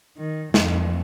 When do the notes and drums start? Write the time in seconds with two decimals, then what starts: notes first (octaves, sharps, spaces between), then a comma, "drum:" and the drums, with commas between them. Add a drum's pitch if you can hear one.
0.17 D#3
0.54 F2, drum: snare